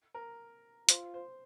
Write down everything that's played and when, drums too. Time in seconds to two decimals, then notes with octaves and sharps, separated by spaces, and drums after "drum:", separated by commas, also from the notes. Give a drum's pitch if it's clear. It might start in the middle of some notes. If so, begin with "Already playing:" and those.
0.14 A#4
0.89 F4 C5, drum: hi-hat
1.14 C5